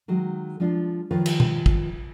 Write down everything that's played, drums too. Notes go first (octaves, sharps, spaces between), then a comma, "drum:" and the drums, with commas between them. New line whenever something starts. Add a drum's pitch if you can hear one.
D#3 F#3 G#3
F3 G#3 D4 F4
D#3 F3 F4 B4 C#5
drum: cymbal
drum: tom B2
drum: kick